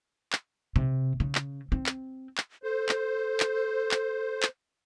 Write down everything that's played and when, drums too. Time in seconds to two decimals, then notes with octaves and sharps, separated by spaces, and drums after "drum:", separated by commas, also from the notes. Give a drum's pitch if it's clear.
0.33 drum: clap
0.76 C3
1.20 C#3
1.35 drum: clap
1.72 C4
1.86 drum: clap
2.38 drum: clap
2.63 A4 C5
2.89 drum: clap
3.40 drum: clap
3.91 drum: clap
4.43 drum: clap